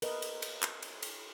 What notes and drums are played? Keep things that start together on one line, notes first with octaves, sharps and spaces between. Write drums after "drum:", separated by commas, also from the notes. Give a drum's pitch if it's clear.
A#4 B4 D#5, drum: cymbal
drum: cymbal
drum: cymbal
drum: clap
drum: cymbal
drum: cymbal